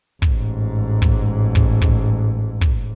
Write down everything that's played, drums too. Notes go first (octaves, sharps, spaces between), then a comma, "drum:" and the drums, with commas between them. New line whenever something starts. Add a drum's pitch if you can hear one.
A1 G#2, drum: kick
drum: kick
drum: kick
drum: kick
drum: kick